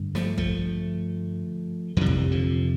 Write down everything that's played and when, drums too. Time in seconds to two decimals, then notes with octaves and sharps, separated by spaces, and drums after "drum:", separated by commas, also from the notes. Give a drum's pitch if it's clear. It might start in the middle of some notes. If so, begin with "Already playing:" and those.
Already playing: G2 D3
0.15 F3 A3, drum: snare
0.38 F3 A3, drum: kick
1.97 F2 C3 E3 G3
2.06 drum: kick
2.31 D3 F3